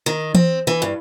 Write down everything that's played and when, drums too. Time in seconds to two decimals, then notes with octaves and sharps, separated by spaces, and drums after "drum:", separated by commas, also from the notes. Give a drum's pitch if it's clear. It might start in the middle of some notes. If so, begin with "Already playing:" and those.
0.06 D#3
0.35 C4, drum: tom E3
0.67 E3
0.82 G2